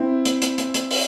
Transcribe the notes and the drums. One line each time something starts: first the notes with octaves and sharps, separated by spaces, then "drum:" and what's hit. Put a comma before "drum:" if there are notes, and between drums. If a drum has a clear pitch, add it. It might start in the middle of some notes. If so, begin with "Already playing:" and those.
Already playing: C4 E4
drum: hi-hat
drum: hi-hat
drum: hi-hat
drum: hi-hat
drum: open hi-hat